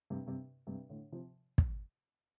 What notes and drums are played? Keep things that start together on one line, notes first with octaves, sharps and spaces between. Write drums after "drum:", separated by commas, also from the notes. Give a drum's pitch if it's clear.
G2 C3
G2 C3
G2 C3
A2 D3
C3 F3
drum: kick